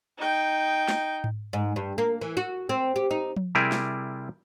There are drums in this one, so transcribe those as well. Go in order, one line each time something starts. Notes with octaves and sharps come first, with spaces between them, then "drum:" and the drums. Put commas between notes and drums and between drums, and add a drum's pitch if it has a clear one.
D#4 G5
drum: snare
drum: tom G#2
G#2
G2
A#3
E3
F#4
C4
G4
D#4
drum: tom F3
C3 G3 E4 G#4 A#4 D5
drum: snare